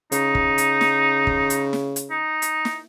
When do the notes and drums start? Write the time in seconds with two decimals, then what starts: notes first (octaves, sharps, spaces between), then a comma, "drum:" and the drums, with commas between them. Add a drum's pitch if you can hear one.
0.12 C#3 D#4, drum: hi-hat
0.35 drum: kick
0.58 drum: hi-hat
0.81 drum: snare
1.27 drum: kick
1.50 drum: hi-hat
1.73 drum: snare
1.96 drum: hi-hat
2.11 D#4
2.42 drum: hi-hat
2.65 drum: snare